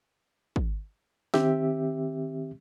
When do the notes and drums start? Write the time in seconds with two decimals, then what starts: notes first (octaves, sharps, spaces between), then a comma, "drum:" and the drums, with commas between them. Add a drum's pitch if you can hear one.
0.56 drum: kick
1.34 D#3 C4 G4 E5, drum: snare